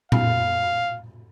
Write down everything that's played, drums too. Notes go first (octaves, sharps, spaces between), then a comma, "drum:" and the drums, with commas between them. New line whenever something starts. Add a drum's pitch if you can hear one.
F5, drum: tom A#2